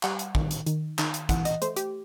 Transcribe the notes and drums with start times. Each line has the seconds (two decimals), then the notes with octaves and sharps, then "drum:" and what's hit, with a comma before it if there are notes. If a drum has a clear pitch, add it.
0.03 G3 F#5, drum: clap
0.19 drum: hi-hat
0.35 D#3, drum: kick
0.51 drum: hi-hat
0.66 D#3, drum: hi-hat
0.99 D#3, drum: clap
1.14 drum: hi-hat
1.29 E3 F#5, drum: kick, hi-hat
1.45 D#5, drum: hi-hat
1.62 A3 C5, drum: hi-hat
1.76 G4, drum: hi-hat